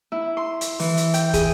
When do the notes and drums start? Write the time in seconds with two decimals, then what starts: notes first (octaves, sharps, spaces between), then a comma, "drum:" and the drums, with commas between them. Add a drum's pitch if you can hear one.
0.12 E4
0.37 C6
0.61 drum: hi-hat
0.79 E3, drum: open hi-hat
0.97 drum: hi-hat
1.14 G5, drum: hi-hat
1.34 G#4, drum: kick, hi-hat